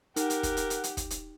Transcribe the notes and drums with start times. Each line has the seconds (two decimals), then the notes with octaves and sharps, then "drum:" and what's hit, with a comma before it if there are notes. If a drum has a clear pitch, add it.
0.16 D#4 G4 A#4 F#5, drum: hi-hat
0.30 drum: hi-hat
0.43 drum: kick, hi-hat
0.57 drum: hi-hat
0.70 drum: hi-hat
0.84 drum: hi-hat
0.97 drum: kick, hi-hat
1.10 drum: hi-hat